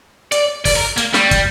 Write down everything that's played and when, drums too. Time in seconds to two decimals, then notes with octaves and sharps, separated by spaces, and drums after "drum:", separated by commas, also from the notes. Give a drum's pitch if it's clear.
0.32 D5, drum: hi-hat
0.65 D5, drum: kick, open hi-hat
0.77 A#4
0.97 A#3, drum: hi-hat
1.14 G3, drum: snare
1.31 drum: kick, hi-hat